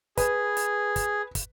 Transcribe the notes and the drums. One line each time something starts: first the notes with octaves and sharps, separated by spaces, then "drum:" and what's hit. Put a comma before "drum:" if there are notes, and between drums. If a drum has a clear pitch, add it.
G#4 B4, drum: kick, hi-hat
drum: hi-hat
drum: kick, hi-hat
drum: kick, hi-hat